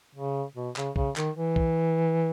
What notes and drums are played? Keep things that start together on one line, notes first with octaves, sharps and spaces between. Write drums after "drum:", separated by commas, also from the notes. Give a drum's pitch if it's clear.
C#3
B2
C#3, drum: clap
C#3, drum: kick B1
D#3, drum: clap
E3
drum: kick B1